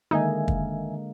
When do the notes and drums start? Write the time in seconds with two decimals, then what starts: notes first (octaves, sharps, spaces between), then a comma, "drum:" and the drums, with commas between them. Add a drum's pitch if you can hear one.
0.11 D3 D#3 G#3 A#3 D#4 E5 G#5
0.48 drum: kick